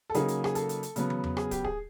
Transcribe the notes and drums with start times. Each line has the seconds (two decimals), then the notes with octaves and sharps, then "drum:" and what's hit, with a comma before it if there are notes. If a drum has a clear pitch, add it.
0.10 A4
0.14 C#3 F#3 A#3 D#4 G#4, drum: hi-hat
0.28 drum: hi-hat
0.44 G#4, drum: rim click
0.55 A4, drum: hi-hat
0.69 drum: hi-hat
0.83 drum: hi-hat
0.96 C#3 F#3 B3, drum: hi-hat
1.10 drum: tom
1.24 drum: tom E2
1.37 G#4, drum: rim click
1.51 G4, drum: kick, hi-hat
1.64 G#4, drum: kick